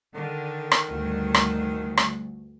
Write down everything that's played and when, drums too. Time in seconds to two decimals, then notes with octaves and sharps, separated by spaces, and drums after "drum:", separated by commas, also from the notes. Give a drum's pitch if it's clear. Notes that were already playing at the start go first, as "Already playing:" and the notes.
0.14 D3 D#3
0.72 drum: rim click
0.87 D2 G2
1.34 drum: rim click
1.97 drum: rim click